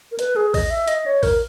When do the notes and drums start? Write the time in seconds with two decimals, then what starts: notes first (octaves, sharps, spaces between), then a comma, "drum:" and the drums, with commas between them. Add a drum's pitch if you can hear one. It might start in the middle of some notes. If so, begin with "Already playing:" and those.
0.12 A#4
0.19 B4, drum: hi-hat
0.36 G#4
0.54 D#5, drum: kick A#1, open hi-hat
0.70 E5
0.88 D#5, drum: hi-hat
1.06 C#5
1.23 A#4, drum: kick A#1, open hi-hat